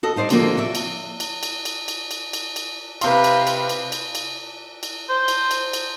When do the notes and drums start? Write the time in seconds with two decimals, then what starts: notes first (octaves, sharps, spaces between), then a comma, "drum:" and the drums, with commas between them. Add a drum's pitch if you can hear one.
0.03 F#4 A4 D#5
0.16 G3 D#4 C5 D5
0.30 D3 F3 A#3 D#4 F#4 G4, drum: cymbal
0.57 F#4 D5 E5
0.75 drum: cymbal
1.20 drum: cymbal
1.43 drum: cymbal
1.65 drum: cymbal
1.88 drum: cymbal
2.11 drum: cymbal
2.33 drum: cymbal
2.56 drum: cymbal
3.01 C3 B4 F5 C6, drum: cymbal
3.24 drum: cymbal
3.47 drum: cymbal
3.69 drum: cymbal
3.92 drum: cymbal
4.15 drum: cymbal
4.83 drum: cymbal
5.09 C5
5.28 drum: cymbal
5.51 drum: cymbal
5.73 drum: cymbal